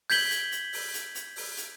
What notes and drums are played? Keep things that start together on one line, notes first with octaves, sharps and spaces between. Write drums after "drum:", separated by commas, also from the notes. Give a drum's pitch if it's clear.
G6 G#6 B6 F#7 G7, drum: open hi-hat
drum: hi-hat
drum: hi-hat
drum: open hi-hat
drum: hi-hat
drum: hi-hat
drum: open hi-hat
drum: hi-hat